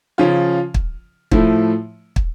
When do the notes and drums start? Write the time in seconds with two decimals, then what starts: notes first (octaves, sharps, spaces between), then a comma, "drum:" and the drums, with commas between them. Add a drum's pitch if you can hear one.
0.18 C#3 F3 C#4 F4
0.74 drum: kick
1.31 A2 F3 A3 E4, drum: kick
2.16 drum: kick